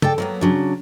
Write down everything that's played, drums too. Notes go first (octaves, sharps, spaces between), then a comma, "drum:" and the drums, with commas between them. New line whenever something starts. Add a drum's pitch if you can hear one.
A4 D5 G5, drum: tom
F#3 A#3 B3
C#3 F#3 D4